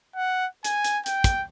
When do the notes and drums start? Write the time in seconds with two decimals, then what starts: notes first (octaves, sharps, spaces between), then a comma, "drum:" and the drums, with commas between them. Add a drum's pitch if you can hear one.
0.16 F#5
0.64 G#5, drum: hi-hat
0.84 drum: hi-hat
1.06 G5, drum: hi-hat
1.24 drum: kick, hi-hat